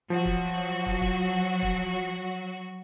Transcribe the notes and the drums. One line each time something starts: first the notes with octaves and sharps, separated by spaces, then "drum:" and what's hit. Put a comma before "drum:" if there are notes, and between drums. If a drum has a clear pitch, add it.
F3 F#3 F#4
drum: kick
drum: kick
drum: kick
drum: kick